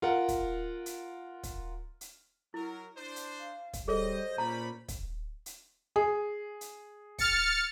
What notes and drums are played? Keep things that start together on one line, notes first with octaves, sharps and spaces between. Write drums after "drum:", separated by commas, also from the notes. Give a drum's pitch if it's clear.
F4 A#4 F#5
drum: kick, hi-hat
drum: hi-hat
drum: kick, hi-hat
drum: hi-hat
F#3 E4 A#4
D4 C5
drum: hi-hat
F5
drum: kick, hi-hat
G3 G#4 A4 C5 C#5 D#5
A#2 C#4 D5 A#5 B5
drum: kick, hi-hat
drum: hi-hat
G#4
drum: hi-hat
F6 A6 C#7, drum: kick, hi-hat